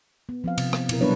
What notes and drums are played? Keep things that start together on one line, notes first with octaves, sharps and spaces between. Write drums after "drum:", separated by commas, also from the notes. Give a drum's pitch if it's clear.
B3
F3 C4 F5
C3, drum: cymbal
B3, drum: rim click
B2 E4 A#4, drum: cymbal
F#3 G3 B3 D4 B4 C#5